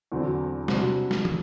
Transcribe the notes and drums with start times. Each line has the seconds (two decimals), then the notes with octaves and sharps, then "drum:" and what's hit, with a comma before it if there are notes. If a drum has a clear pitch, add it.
0.12 E2 D3 F#3 C4
0.68 C3 G3 D4 F#4 C5, drum: snare
1.11 drum: snare
1.25 drum: tom